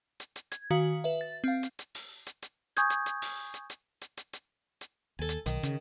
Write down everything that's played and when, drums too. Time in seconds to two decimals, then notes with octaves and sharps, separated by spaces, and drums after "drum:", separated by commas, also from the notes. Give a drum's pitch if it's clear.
0.20 drum: hi-hat
0.36 drum: hi-hat
0.52 G#6, drum: hi-hat
0.71 D#3 F#4 F5
1.04 B4 E5
1.21 A6
1.44 C4 F5
1.63 drum: hi-hat
1.79 drum: hi-hat
1.95 drum: open hi-hat
2.27 drum: hi-hat
2.42 drum: hi-hat
2.77 G#5 C#6 D#6 G6 G#6, drum: hi-hat
2.90 drum: hi-hat
3.06 drum: hi-hat
3.22 drum: open hi-hat
3.54 drum: hi-hat
3.70 drum: hi-hat
4.01 drum: hi-hat
4.17 drum: hi-hat
4.33 drum: hi-hat
4.81 drum: hi-hat
5.19 D#2 A4 G#5
5.29 drum: hi-hat
5.46 B1 D#3 D#6, drum: hi-hat
5.63 C#3, drum: hi-hat